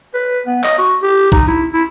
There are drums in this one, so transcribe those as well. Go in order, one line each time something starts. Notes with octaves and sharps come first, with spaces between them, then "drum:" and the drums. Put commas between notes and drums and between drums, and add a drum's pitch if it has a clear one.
B4
B3
D#5, drum: clap
F#4
G4
D#4, drum: kick
E4
E4